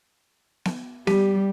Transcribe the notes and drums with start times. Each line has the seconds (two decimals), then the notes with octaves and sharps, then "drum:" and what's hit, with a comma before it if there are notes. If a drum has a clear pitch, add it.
0.65 drum: snare B3
1.07 G3 G4, drum: snare B3